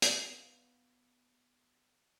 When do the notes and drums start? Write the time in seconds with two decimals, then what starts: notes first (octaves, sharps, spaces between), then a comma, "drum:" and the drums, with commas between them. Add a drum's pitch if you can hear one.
0.02 B3 F4, drum: hi-hat